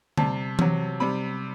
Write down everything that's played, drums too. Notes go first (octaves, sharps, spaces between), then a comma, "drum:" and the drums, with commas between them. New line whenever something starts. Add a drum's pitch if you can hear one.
C3 G3 A5, drum: tom D3
C3 F#3, drum: tom E3
C3 G3 B5